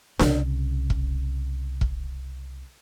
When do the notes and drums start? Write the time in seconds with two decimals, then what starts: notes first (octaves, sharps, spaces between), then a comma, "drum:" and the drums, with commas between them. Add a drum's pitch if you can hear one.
0.19 C2 C#3, drum: snare D4
0.90 drum: kick
1.81 drum: kick